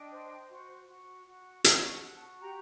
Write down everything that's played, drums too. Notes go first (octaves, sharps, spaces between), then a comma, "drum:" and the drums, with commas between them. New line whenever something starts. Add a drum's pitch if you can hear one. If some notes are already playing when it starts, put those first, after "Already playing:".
Already playing: D4 D#5 G5
C5
F#4
F#4
F#4
F#4, drum: hi-hat
F#5 A5
F#4
F#5 A5
G4 G5 A#5